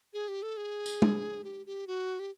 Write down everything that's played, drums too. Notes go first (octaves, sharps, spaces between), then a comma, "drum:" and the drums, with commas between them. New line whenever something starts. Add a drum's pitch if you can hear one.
G#4
G4
A4
G#4
drum: tambourine
drum: tom
G4
G4
F#4
G4